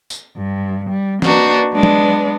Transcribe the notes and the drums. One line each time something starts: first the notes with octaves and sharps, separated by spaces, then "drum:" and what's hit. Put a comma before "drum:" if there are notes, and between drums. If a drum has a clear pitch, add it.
drum: tambourine
G2
G3
A#3 D4 D#4 F#4 B4, drum: snare
G#3 B3 D4
drum: tom